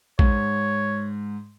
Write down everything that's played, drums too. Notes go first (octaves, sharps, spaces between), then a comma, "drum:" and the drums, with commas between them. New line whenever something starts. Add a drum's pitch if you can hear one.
G#2 C#5, drum: kick